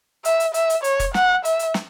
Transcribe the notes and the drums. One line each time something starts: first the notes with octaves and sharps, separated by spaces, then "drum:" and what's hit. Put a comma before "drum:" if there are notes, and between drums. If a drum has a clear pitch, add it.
E5, drum: hi-hat
drum: hi-hat
E5, drum: hi-hat
drum: hi-hat
C#5, drum: hi-hat
drum: kick, hi-hat
F#5, drum: snare
E5, drum: hi-hat
drum: hi-hat
drum: snare